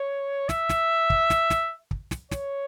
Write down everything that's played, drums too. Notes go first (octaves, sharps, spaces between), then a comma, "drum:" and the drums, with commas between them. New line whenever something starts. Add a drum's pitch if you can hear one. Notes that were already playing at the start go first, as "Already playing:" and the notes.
Already playing: C#5
E5, drum: snare
drum: snare
drum: kick
drum: snare
drum: snare
drum: kick
drum: snare
C#5, drum: snare